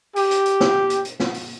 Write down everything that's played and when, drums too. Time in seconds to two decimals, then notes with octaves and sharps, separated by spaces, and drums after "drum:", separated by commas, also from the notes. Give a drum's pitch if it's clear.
0.16 G4, drum: open hi-hat
0.31 drum: hi-hat
0.46 drum: hi-hat
0.60 drum: snare
0.90 drum: hi-hat
1.05 drum: hi-hat
1.20 drum: snare
1.34 drum: open hi-hat